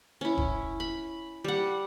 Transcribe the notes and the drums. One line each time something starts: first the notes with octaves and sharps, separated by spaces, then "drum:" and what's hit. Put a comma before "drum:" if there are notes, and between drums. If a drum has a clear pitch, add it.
C#4 E4
drum: kick F1
B5
G3 F#5